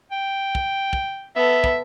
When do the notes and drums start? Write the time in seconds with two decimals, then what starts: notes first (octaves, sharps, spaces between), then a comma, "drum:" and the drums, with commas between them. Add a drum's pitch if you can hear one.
0.12 G5
0.55 drum: kick
0.93 drum: kick
1.36 B3 A4 E5
1.64 drum: kick